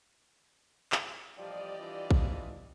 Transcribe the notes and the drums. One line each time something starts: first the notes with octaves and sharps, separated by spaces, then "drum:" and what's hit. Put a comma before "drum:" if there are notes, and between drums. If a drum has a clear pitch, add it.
drum: clap
A1 F3 G3 F4 G4 D5 D#5
E3 D4 F4
drum: kick A#1